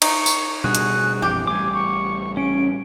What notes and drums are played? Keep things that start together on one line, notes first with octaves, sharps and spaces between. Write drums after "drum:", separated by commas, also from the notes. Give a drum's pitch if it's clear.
D#4 C#6, drum: cymbal
drum: tambourine
B2 G3 D4 F#4 G#4 F#6
drum: hi-hat
A#1 F2 E3 G4 D6
A1 G3 G#5 D6
C#6
C#4 D7